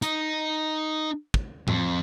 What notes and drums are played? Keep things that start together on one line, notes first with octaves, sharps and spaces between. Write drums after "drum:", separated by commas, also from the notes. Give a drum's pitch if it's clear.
D#4, drum: hi-hat
drum: kick
F2, drum: tom A2